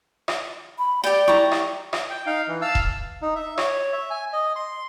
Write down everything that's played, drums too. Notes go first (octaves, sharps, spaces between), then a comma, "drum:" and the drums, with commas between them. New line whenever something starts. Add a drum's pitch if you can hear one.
drum: rim click
B5
G4 D5 G5
E4 G4 A#5 C#6
drum: rim click
drum: rim click
G5
D#4 F5
E3
F5 A5 E6
drum: kick E1
D#4
E5
C#5, drum: rim click
E5
G#5
D#5
C6